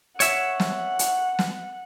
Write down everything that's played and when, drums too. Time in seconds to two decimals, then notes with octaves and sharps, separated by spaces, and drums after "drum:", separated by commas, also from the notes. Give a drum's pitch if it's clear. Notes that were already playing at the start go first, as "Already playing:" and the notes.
0.20 C#5 E5 F#5, drum: hi-hat
0.60 drum: snare
0.99 drum: hi-hat
1.39 drum: snare